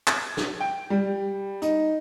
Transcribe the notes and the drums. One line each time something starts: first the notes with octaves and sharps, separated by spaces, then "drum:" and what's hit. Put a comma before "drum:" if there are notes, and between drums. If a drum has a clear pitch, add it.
G#6, drum: clap
drum: snare
G5
G3
D#4, drum: hi-hat